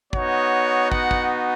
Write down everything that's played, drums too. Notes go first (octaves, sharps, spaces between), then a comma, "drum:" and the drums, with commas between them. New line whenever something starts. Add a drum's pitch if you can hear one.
B3 D#4 F#4 C#5, drum: kick
F#5, drum: kick
drum: kick